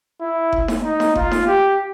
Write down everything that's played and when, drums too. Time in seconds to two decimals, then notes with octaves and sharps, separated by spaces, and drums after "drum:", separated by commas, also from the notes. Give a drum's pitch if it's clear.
0.20 E4
0.52 drum: kick F#1
0.68 drum: snare D#4
0.84 D#4
1.00 drum: snare D#4
1.15 F4, drum: kick F#1
1.31 drum: snare D#4
1.47 G4